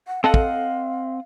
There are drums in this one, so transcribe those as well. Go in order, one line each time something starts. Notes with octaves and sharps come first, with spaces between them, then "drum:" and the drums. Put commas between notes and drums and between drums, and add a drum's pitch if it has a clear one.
F#5
C4 A4 D#5 F5 F#5
drum: kick